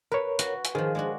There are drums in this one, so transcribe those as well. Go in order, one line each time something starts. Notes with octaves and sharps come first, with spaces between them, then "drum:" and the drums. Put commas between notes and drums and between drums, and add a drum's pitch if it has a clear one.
A#4 B4 C#5
F#4, drum: hi-hat
drum: hi-hat
D#3 F3 G#4 C5
G#3 D4 F#4